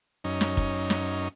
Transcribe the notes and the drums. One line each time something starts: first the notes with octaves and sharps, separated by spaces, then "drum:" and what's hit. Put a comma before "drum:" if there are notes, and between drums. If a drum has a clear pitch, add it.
F#2 C#4 D#4
drum: snare
drum: kick
drum: snare